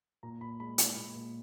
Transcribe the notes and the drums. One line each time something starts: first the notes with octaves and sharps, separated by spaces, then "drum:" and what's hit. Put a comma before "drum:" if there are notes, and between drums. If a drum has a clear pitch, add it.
A#2 A#5
A#2 B5
G#3 B5
G#3, drum: hi-hat
A#2
A#2